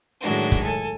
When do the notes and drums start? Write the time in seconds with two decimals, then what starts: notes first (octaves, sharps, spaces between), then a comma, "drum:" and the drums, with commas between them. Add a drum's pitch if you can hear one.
0.20 A2 D#3 F#3 G#3 D4 F#4
0.52 drum: kick, hi-hat
0.63 A4 G#5